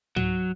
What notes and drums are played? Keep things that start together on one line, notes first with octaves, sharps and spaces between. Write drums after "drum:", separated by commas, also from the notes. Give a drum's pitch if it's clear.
F#3, drum: tom G#2